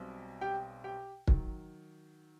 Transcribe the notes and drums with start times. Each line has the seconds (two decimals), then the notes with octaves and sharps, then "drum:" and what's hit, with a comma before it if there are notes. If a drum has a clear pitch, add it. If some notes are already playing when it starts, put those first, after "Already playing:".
Already playing: B1 B2 G3 C4
0.41 G4 G5
0.84 G4 G5
1.28 D#3 F#3, drum: kick